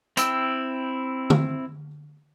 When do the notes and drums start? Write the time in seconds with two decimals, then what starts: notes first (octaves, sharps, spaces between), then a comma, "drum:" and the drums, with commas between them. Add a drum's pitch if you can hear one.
0.17 C4 E4 G5 E6, drum: hi-hat
1.30 drum: tom D3